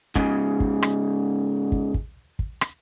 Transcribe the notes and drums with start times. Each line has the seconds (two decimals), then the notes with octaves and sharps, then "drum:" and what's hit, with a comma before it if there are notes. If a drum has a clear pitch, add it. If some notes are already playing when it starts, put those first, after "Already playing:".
0.15 G#2 C#3, drum: kick
0.60 drum: kick
0.82 drum: rim click
1.72 drum: kick
1.94 drum: kick
2.39 drum: kick
2.61 drum: rim click